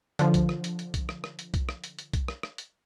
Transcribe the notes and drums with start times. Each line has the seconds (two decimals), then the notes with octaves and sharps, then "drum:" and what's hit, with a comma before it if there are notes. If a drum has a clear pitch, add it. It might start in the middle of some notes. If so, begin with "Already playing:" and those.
0.19 D3 F3, drum: hi-hat
0.34 drum: kick B1, hi-hat
0.49 drum: rim click
0.64 drum: hi-hat
0.79 drum: hi-hat
0.94 drum: kick B1, hi-hat
1.09 drum: rim click
1.24 drum: rim click
1.39 drum: hi-hat
1.54 drum: kick B1, hi-hat
1.69 drum: rim click
1.84 drum: hi-hat
1.99 drum: hi-hat
2.13 drum: kick B1, hi-hat
2.28 drum: rim click
2.43 drum: rim click
2.58 drum: hi-hat